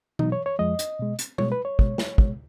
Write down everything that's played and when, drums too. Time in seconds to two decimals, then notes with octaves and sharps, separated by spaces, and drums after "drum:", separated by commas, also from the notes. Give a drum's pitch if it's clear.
0.19 B2 F#3 D#4, drum: tom E3
0.32 C#5
0.46 C#5
0.59 F2 F3 G#3 D#5
0.79 drum: hi-hat
0.99 B2 G#3
1.19 drum: hi-hat
1.38 B2 G#3 C#5, drum: tom
1.52 B4
1.65 C#5
1.79 B2 G#3, drum: kick
1.98 drum: snare
2.18 B2 G#3, drum: kick